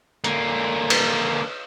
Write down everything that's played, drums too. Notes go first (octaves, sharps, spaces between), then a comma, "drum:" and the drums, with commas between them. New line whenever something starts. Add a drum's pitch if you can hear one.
D3 A#3, drum: hi-hat
drum: cymbal